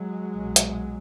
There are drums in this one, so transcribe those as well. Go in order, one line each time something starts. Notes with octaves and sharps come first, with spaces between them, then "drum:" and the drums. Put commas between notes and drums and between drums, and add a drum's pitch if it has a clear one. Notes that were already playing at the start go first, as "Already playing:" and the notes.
Already playing: F#3 G#3
B1 A#2
drum: hi-hat